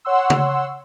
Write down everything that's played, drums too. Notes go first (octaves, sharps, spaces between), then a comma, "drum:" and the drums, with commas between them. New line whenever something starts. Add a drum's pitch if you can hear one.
C#5 F#5 C6 E6
drum: tom C#3